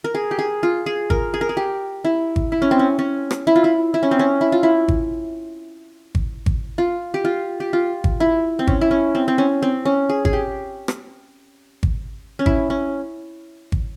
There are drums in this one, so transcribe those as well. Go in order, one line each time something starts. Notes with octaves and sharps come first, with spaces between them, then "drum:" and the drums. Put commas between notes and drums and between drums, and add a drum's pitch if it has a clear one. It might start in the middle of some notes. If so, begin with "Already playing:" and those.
A#4
G#4
G4
G#4
F4
G#4
A#4, drum: kick G#1
G#4
A#4
G#4
G4
E4
drum: kick G#1
E4
C#4
C4
C#4
C#4
drum: rim click
E4
F4
E4
E4
C#4
C4
C#4
E4
F4
E4
drum: kick G#1
drum: kick G#1
drum: kick G#1
F4
G4
F4
G4
F4
drum: kick G#1
E4
C4
C#4, drum: kick G#1
E4
C#4
C4
C4
C#4
C4
C#4
G#4
G#4, drum: kick G#1
G4
drum: rim click
drum: kick G#1
C#4
E4, drum: kick G#1
C#4
drum: kick G#1